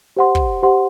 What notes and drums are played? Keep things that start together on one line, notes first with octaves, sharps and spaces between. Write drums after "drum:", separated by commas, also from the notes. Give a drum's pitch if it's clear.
G4 C5 F#5 C6
drum: kick
G4 C5 F#5 C6